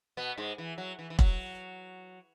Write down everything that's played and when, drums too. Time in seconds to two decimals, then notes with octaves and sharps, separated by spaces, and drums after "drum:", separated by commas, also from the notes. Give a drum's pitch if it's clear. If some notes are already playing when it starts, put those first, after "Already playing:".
0.17 B2 B3
0.38 G#2 G#3
0.58 E3
0.78 F#3
0.99 E3
1.10 E3
1.19 F#3, drum: kick